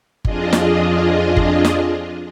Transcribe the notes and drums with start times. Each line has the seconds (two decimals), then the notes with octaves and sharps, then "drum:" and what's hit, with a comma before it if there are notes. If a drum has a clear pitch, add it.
0.25 F2 D4 F4 G#4 D#5, drum: kick G1
0.53 drum: snare
1.37 drum: kick G1
1.65 drum: snare